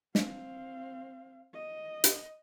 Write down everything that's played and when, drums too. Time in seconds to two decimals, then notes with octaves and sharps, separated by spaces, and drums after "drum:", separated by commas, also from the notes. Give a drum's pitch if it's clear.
0.15 C4 F5, drum: snare
1.54 D#5
2.04 drum: hi-hat